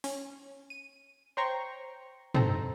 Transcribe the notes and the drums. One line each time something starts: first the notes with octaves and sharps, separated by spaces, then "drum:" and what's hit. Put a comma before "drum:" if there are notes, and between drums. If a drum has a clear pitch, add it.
C#4, drum: open hi-hat
D#7
C5 C#5 G5 A#5 C6 C#6
C4 D#4 A4 C5 A#5, drum: tom